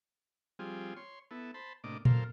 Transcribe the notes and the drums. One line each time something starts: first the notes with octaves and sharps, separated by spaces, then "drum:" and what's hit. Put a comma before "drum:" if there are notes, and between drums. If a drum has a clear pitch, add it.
F3 G3 C4 F4 G#4
C#5 C6
B3 E4 A4
C5 A5 B5
A2 C3 A#3 D4 D#5 D6
F#2 A#3 A4 A#4 C5 F5, drum: tom A#2